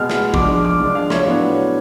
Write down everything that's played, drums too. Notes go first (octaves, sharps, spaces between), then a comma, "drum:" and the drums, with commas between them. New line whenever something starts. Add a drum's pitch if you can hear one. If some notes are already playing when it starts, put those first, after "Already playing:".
Already playing: B2 G#3 B3 F6
drum: snare
F3 G#3 D4 D6, drum: kick
D6
F3 G#3 D4
F5
C#5, drum: snare
A2 F#3 B3 D4